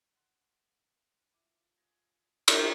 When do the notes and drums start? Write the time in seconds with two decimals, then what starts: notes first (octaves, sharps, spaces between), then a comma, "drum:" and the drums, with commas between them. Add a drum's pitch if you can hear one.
0.15 F#5 C6
1.33 E4 F4 D6 D#7
1.77 G#4 G#5 A#6
2.48 drum: cymbal